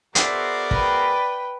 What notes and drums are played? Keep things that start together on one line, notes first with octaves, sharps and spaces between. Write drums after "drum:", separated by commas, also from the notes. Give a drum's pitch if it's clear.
B3 F#4 G#4 A#4 C5 D5 E5, drum: hi-hat
B4 G5, drum: kick